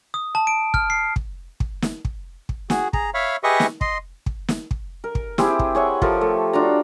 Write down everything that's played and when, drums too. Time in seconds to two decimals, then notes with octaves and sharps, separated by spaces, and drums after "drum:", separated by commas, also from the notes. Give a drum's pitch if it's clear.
0.14 D#6
0.35 A5
0.47 D7
0.74 F6, drum: kick
0.90 C7
1.16 drum: kick
1.60 drum: kick
1.82 drum: snare
2.05 drum: kick
2.49 drum: kick
2.70 F#4 G#4, drum: snare
2.93 G#4 A#5, drum: kick
3.14 C#5 E5 F5 B5
3.44 G4 G#4 B4 D#5 E5 C#6
3.60 drum: snare
3.81 D#5 C6, drum: kick
4.26 drum: kick
4.49 drum: snare
4.71 drum: kick
5.04 A#4
5.15 drum: kick
5.38 C4 E4 G4 G#4, drum: snare
5.59 drum: kick
5.75 G#4 C#5 E5 F#5
6.02 F3 G4 A4 A#4, drum: kick
6.21 A3
6.53 D4 F4 F#4 A#5